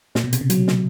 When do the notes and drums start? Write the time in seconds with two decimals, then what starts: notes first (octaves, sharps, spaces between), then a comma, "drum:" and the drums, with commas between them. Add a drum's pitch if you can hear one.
0.15 A#2, drum: snare
0.24 B2
0.33 C3, drum: hi-hat
0.41 C#3
0.50 F#3, drum: hi-hat
0.68 drum: snare